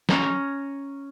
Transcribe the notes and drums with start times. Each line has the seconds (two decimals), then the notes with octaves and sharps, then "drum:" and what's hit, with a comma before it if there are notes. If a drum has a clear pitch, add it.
0.09 C#4 C#5 A#5, drum: snare